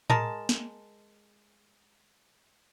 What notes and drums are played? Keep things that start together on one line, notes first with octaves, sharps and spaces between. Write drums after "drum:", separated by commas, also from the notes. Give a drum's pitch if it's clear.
G#3 A#4 A5, drum: tom A2
drum: snare